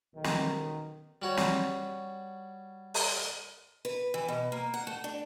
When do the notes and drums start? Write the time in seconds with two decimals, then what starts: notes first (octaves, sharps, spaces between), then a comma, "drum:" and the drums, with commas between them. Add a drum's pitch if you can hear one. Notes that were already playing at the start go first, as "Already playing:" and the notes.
0.14 B1 D#3
0.24 drum: snare
1.22 G3 F#4 C#5
1.37 drum: snare
2.94 drum: open hi-hat
3.85 B4
4.14 E3
4.28 B2
4.52 A#3
4.74 F#5
4.87 A3
5.04 D4